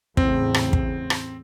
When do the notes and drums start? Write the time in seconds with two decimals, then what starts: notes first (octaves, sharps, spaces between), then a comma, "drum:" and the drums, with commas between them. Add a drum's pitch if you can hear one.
0.17 E2 A2 C#3 C4, drum: kick
0.54 drum: rim click
0.73 drum: kick
1.10 drum: rim click